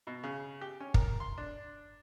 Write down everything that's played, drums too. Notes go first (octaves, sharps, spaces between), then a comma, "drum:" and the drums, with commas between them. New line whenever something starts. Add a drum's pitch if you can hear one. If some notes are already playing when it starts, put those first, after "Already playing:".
B2
C#3
G4
C#4
A#4, drum: kick
C6
D4